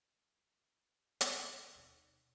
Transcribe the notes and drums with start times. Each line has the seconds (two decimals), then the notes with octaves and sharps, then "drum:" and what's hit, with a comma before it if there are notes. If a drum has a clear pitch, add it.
1.21 D3 C4, drum: hi-hat
1.75 D#2 B2